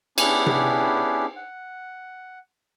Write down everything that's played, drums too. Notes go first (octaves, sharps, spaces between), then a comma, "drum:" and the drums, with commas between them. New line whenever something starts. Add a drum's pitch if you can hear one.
B3 C#4 D4 E4 G4 G#4, drum: cymbal
drum: tom C3
F#5